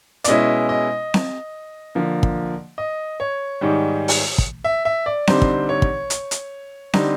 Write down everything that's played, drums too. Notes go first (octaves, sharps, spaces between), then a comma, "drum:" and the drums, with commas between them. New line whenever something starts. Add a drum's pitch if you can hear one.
D5, drum: hi-hat
B2 G#3 C#4 E4 D#5
D#5
drum: snare C4
D3 F3 A#3
drum: kick
D#5
C#5
G#2 D#3 G3
drum: open hi-hat
drum: kick
E5
E5
D5
D3 G3 C4 D#4 C5, drum: snare C4
drum: kick
C#5
drum: kick
drum: hi-hat
drum: hi-hat
D3 G3 C4 D#4, drum: snare C4